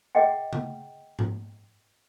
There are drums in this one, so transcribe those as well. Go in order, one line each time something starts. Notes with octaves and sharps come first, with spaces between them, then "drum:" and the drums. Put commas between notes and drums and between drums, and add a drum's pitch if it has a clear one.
G#4 D#5 F#5 G5
drum: tom C#3
drum: tom G#2